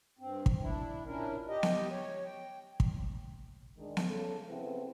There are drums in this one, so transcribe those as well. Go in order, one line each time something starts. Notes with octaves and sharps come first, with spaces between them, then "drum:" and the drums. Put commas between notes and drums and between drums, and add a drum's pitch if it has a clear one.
G2 C4
drum: kick
D4 E4
A#2 C#4 D4 E4 A#4
G4 D#5
drum: snare B3
C#5
G5
drum: kick
D#3 G#3 D4
drum: snare B3
C#3 A4
C#3 B3 C4 E4 A4 B4